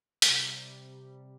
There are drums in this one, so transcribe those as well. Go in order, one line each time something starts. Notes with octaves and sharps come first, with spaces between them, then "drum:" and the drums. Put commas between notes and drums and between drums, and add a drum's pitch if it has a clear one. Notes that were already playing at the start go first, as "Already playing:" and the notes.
C3 G3, drum: hi-hat